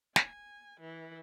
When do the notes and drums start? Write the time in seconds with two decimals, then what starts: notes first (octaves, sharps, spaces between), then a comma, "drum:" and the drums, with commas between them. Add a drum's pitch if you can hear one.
0.16 G#5, drum: snare
0.79 E3